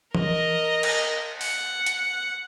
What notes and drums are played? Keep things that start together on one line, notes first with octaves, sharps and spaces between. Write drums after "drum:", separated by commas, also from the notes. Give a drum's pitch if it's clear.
A#4 D#5, drum: tom E3
drum: cymbal
F#5, drum: open hi-hat
drum: hi-hat